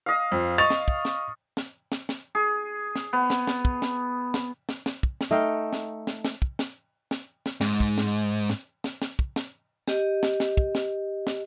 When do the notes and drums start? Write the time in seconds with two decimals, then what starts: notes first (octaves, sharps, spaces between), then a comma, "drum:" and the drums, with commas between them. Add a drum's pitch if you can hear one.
0.06 D#5 F5
0.32 F2
0.58 D#5 C#6 A6 F7
0.70 drum: snare
0.88 drum: kick
1.05 drum: snare
1.57 drum: snare
1.92 drum: snare
2.09 drum: snare
2.35 G#4
2.96 drum: snare
3.13 B3
3.30 drum: snare
3.47 drum: snare
3.65 drum: kick
3.82 drum: snare
4.34 drum: snare
4.69 drum: snare
4.86 drum: snare
5.03 drum: kick
5.21 drum: snare
5.31 A3 D#4 F5 G5
5.73 drum: snare
6.07 drum: snare
6.25 drum: snare
6.42 drum: kick
6.59 drum: snare
7.11 drum: snare
7.46 drum: snare
7.61 G#2, drum: snare
7.80 drum: kick
7.98 drum: snare
8.50 drum: snare
8.84 drum: snare
9.02 drum: snare
9.19 drum: kick
9.36 drum: snare
9.88 G4 D#5, drum: snare
10.23 drum: snare
10.40 drum: snare
10.57 drum: kick
10.75 drum: snare
11.27 drum: snare